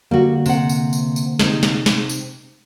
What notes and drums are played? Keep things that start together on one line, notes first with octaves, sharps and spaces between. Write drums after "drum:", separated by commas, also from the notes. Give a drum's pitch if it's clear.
D3 G3 A#3 F#4
C3 F#5, drum: tambourine
drum: tambourine
drum: tambourine
drum: tambourine
C3 D#4, drum: snare
drum: snare
drum: snare
drum: tambourine